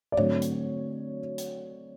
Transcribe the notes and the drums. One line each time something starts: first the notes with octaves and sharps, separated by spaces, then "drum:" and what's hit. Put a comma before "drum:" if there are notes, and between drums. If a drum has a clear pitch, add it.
D5
D3 F#3 A3 C4 C#5, drum: tom G#2
drum: hi-hat
drum: hi-hat